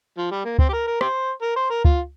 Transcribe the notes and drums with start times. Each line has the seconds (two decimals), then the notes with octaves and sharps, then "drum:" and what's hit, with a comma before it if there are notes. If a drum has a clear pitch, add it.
0.17 F3
0.31 G3
0.45 A#3
0.59 C4, drum: kick C#2
0.69 G4
0.73 A#4
0.87 A#4
1.01 G4 C5, drum: rim click
1.42 A#4
1.56 C5
1.70 A#4
1.85 F4, drum: kick C#2